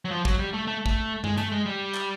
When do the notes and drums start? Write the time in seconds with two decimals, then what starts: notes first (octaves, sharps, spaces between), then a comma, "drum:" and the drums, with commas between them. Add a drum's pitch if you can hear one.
0.05 F#3
0.11 F3
0.25 F#3, drum: kick
0.39 G3
0.53 A3
0.67 A3
0.86 A3, drum: kick
1.24 G#3, drum: tom G2
1.38 A3, drum: hi-hat
1.52 G#3
1.66 G3
1.94 drum: clap